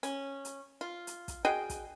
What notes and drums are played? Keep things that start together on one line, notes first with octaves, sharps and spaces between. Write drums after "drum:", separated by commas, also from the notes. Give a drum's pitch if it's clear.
C#4, drum: hi-hat
drum: hi-hat
F4
drum: hi-hat
drum: kick, hi-hat
F#4 G#4 D#5 G5
drum: kick, hi-hat